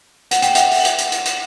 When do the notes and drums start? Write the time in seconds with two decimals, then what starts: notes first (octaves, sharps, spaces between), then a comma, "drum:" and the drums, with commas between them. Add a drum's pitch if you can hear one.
0.31 F#5, drum: hi-hat
0.42 G5, drum: hi-hat
0.55 E5 F#5, drum: hi-hat
0.71 drum: open hi-hat
0.85 drum: hi-hat
0.98 drum: hi-hat
1.12 drum: hi-hat
1.25 drum: hi-hat